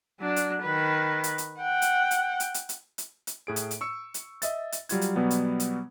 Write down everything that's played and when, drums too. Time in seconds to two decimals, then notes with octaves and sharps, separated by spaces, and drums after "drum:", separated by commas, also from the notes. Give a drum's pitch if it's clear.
0.20 F#3 D4
0.36 drum: hi-hat
0.62 D#3 B4
1.24 drum: hi-hat
1.38 drum: hi-hat
1.61 F#5 G5
1.82 drum: hi-hat
2.11 drum: hi-hat
2.40 drum: hi-hat
2.54 drum: hi-hat
2.69 drum: hi-hat
2.98 drum: hi-hat
3.27 drum: hi-hat
3.47 A2 G#4 D7
3.56 drum: hi-hat
3.71 drum: hi-hat
3.81 C#6 E6 C#7
4.14 drum: hi-hat
4.42 D#5 E5 A6, drum: hi-hat
4.72 drum: hi-hat
4.89 F#3 G3 F4 G#6, drum: hi-hat
5.01 drum: hi-hat
5.16 B2 F#3 G3 B3
5.31 drum: hi-hat
5.60 drum: hi-hat